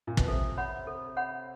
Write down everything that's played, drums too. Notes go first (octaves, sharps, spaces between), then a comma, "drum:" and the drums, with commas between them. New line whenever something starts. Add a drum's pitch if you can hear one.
A#2
B2, drum: kick
C3 A4
C#5 F#5 B5
A4
C#5 F#5 B5